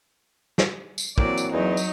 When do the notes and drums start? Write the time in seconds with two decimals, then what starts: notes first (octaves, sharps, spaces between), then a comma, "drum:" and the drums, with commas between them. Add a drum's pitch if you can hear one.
0.58 drum: snare
0.98 drum: tambourine
1.18 E3 F#3 A#3 C4 D5, drum: kick
1.38 drum: tambourine
1.53 E2 F#3 D#4
1.77 drum: tambourine